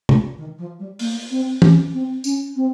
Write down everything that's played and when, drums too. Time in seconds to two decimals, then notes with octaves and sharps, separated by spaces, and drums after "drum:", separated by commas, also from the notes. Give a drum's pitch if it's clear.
0.09 drum: tom C3
0.37 D#3
0.58 F3
0.79 G3
0.99 A#3, drum: open hi-hat
1.30 C4
1.62 C#4, drum: tom
1.93 C4
2.24 C#4, drum: tambourine
2.56 C4